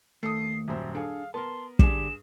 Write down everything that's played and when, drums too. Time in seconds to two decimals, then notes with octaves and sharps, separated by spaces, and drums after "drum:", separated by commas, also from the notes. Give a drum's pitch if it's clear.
0.23 D#2 A3 A4 D#6 C7
0.68 D#1 F#2 C5 E5
0.95 D4 G#4 A4 F5
1.34 B3 A#4 A5 C6
1.79 G2 D3 G4 G#4 D5 E7, drum: kick